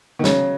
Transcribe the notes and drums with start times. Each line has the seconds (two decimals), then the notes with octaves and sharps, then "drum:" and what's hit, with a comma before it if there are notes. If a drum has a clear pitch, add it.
0.19 D#3
0.24 C#3 F#3, drum: snare